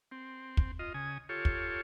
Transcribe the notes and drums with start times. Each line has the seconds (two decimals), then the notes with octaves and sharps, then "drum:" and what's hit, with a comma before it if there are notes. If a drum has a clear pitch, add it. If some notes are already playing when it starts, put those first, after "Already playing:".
0.11 C4
0.57 drum: kick
0.79 F4 D#5
0.94 C#3 G#5 D#6
1.29 F4 G4 A4 C#5
1.45 drum: kick